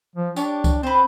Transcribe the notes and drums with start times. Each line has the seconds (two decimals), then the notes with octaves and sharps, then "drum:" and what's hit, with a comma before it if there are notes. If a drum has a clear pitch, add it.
0.15 F3
0.36 D4 G4 C#5, drum: tambourine
0.64 drum: kick C#2, tambourine
0.83 C4 B4 C5